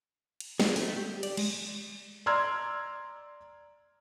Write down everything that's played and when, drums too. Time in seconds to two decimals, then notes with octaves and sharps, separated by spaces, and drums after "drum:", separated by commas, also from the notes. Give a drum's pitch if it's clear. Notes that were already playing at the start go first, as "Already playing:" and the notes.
0.40 drum: cymbal
0.60 G#4, drum: snare
0.76 A3, drum: open hi-hat
0.96 G4
1.23 D5, drum: cymbal
1.37 G#3, drum: cymbal
2.26 D5 A#5 C6 E6 F6 G#6